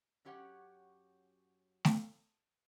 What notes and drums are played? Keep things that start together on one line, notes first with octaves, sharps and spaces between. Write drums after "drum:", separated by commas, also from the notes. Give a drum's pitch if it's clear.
F#2 C#4 G4 C#5 F#5
drum: snare A3